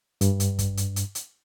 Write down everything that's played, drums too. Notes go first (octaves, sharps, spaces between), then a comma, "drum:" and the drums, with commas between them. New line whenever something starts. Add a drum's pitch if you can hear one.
G2, drum: hi-hat
drum: hi-hat
drum: kick, hi-hat
drum: hi-hat
drum: hi-hat
drum: hi-hat